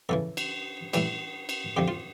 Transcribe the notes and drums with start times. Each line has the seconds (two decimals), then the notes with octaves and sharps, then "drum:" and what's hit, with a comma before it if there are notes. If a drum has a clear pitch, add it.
0.09 E2 C#3 E3 A4
0.37 drum: cymbal
0.93 A2 E3 G3, drum: cymbal
1.49 drum: cymbal
1.77 F2 D3 F3 G4
1.88 F4